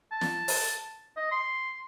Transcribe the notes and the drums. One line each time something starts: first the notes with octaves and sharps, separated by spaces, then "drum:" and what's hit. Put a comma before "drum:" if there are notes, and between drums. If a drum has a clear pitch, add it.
A5
drum: snare
drum: open hi-hat
D#5
C6